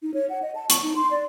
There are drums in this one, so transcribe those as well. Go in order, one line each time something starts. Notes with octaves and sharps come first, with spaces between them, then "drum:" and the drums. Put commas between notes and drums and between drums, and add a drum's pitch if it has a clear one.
D#4
C#5
F#5
D#5
A5
C#6, drum: hi-hat
D#4
C6
D5